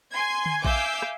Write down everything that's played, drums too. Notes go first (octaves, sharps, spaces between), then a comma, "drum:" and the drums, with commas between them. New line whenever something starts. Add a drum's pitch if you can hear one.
G#5 C6 G#6
drum: tom D3
E5 F5 G#5 D6 E6 G6, drum: kick A#1
drum: rim click